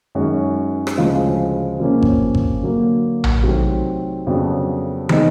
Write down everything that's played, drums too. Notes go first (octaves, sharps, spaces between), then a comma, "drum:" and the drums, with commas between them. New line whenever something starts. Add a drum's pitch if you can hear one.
F#2 D#3 G#3 C#4 F#4
drum: rim click
D2 C#3 F3 G#3
C3 F3 A#3 C#4
drum: kick G#1
drum: kick G#1
D3 F#3 A#3
drum: tom A#1
C3 D#3 F#3 A3 C4
F2 C#3 F#3 B3 D4
C3 D#3 G#3 B3 D#4, drum: tom